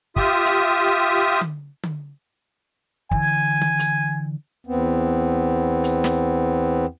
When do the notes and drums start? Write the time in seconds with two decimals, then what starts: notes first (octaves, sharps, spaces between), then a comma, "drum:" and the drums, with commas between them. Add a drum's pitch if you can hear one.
0.16 F4 G4 E5 D#6, drum: kick
0.45 drum: hi-hat
1.41 drum: tom D3
1.83 drum: tom D3
3.11 D3 E3 G#5, drum: kick
3.61 drum: tom D3
3.79 drum: hi-hat
4.67 E2 B3 C4
5.84 drum: hi-hat
6.04 drum: snare